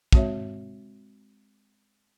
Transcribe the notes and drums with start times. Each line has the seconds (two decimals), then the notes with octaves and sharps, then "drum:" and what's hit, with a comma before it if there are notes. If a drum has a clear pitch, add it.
0.12 G#3 C4 F#4 C#5 E5, drum: kick